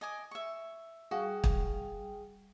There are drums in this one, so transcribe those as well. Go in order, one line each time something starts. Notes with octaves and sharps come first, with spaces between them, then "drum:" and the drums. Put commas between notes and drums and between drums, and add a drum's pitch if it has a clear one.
D#5 G#5 D6
E5 C#6
G3 F#4 G#4 F5 G5
drum: kick